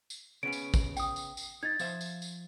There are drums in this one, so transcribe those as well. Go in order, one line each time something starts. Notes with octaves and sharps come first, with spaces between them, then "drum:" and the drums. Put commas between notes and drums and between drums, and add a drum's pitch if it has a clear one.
drum: tambourine
C#3 B3 C#4 D7
drum: tambourine
drum: kick, tambourine
G5 D#6, drum: tambourine
drum: tambourine
drum: tambourine
D#4 G#6 A6
F3 C5 E5, drum: tambourine
drum: tambourine
drum: tambourine